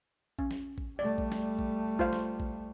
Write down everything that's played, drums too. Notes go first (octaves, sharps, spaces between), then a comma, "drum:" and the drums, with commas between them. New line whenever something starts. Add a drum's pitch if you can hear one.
C#4, drum: kick A1
drum: snare
drum: kick A1
G3 A3 D5
drum: kick A1
drum: snare
drum: kick A1
F4 C5 F5, drum: kick A1
drum: snare
drum: kick A1